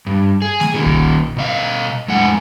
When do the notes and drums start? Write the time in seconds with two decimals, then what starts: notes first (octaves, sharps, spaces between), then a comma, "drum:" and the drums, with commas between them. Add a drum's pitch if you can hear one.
0.06 G2
0.42 G#4
0.60 drum: snare A3
0.74 A#2 D#3
0.86 drum: kick
1.37 B2 D#5 F5
2.08 F2 A2 G#3 F#5 G#5